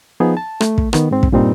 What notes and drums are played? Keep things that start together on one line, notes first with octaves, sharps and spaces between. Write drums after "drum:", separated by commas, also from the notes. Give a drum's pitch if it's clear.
F3 B3 D#4 G#4
A5
A3, drum: rim click
drum: kick
D#3 B3, drum: rim click
G#2 C4
drum: kick
G2 A#2 G3 C4 D#4